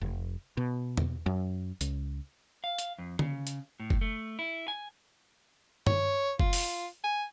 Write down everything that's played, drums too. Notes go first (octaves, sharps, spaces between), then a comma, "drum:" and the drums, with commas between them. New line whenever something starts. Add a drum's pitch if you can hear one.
F1
B2
drum: tom E2
F#2
C#2, drum: hi-hat
F5
drum: hi-hat
F2
C#3, drum: tom
drum: hi-hat
A2
drum: kick F#1
A3
E4
G#5
C#5, drum: tom G2
F4, drum: kick F#1
drum: open hi-hat
G#5